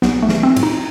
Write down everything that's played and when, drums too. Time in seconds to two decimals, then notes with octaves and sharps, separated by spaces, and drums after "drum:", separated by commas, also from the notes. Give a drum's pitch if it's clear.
0.02 B1 B3, drum: snare
0.22 A3
0.29 E3, drum: snare
0.43 C4
0.56 A2, drum: cymbal
0.63 D#4